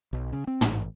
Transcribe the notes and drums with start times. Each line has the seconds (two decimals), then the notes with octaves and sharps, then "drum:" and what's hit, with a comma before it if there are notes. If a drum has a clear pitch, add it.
0.13 B1
0.32 C#3
0.47 C4
0.61 A1, drum: tom